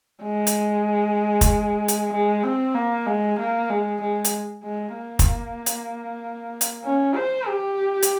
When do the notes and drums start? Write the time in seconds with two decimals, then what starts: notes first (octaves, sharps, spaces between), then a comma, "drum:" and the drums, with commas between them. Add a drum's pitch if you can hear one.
0.23 G#3
0.47 drum: hi-hat
1.41 drum: kick, hi-hat
1.88 drum: hi-hat
2.12 G#3
2.43 C4
2.75 A#3
3.06 G#3
3.39 A#3
3.70 G#3
4.01 G#3
4.25 drum: hi-hat
4.64 G#3
4.95 A#3
5.19 drum: kick, hi-hat
5.66 drum: hi-hat
6.61 drum: hi-hat
6.84 C#4
7.16 C5
7.47 G4
8.03 drum: hi-hat